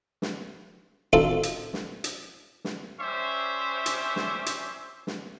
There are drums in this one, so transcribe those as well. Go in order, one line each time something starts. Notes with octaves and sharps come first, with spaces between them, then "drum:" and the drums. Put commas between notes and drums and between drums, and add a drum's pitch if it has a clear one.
drum: snare
C4 D#4 F4 F#4 A4
drum: hi-hat
drum: snare
drum: hi-hat
drum: snare
G3 C#4 C5 E5 D6
drum: hi-hat
drum: snare
drum: hi-hat
drum: snare